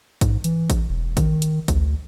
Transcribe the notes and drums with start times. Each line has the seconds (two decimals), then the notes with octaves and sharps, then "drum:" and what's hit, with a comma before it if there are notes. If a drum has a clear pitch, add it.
0.21 G#2, drum: kick A1, hi-hat
0.44 E3, drum: hi-hat
0.70 drum: kick A1, hi-hat
0.89 E1
1.17 D#3, drum: kick A1, hi-hat
1.42 drum: hi-hat
1.68 D2, drum: kick A1, hi-hat